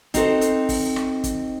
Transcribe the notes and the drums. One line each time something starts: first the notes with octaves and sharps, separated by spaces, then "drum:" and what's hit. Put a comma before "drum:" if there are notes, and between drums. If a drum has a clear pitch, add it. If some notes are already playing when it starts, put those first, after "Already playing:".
C4 D#4 F#4 A4 C5, drum: kick, hi-hat
drum: hi-hat
drum: kick, open hi-hat
drum: rim click
drum: kick, hi-hat